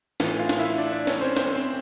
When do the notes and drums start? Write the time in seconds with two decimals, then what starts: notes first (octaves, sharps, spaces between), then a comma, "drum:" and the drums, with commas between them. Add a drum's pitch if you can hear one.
0.20 A2 E3 F4 F5, drum: snare
0.39 F4 F5
0.49 drum: snare
0.58 E4 E5
0.78 D4 D5
0.92 D4 D5
1.07 C#4 C#5, drum: snare
1.21 C4 C5
1.37 C4 C5, drum: snare
1.55 C4 C5